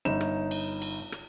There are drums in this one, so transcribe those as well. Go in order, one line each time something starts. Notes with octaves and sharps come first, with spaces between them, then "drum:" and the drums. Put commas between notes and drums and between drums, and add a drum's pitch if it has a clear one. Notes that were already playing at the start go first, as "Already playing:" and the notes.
G1 D#4 E7
drum: rim click
drum: cymbal
drum: cymbal
drum: rim click